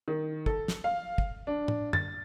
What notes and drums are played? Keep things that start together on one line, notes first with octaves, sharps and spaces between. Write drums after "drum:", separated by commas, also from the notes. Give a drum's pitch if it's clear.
D#3
A4, drum: kick
drum: snare
F5
drum: kick
D4
drum: tom
A6, drum: tom F#2